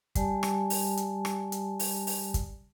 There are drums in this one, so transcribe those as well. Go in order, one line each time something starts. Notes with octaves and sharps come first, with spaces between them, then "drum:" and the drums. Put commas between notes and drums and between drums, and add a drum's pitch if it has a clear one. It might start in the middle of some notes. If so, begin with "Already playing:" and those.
G3 G4 D5 G#5 A5, drum: kick, hi-hat
drum: rim click
drum: open hi-hat
drum: hi-hat
drum: rim click
drum: hi-hat
drum: open hi-hat
drum: open hi-hat
drum: kick, hi-hat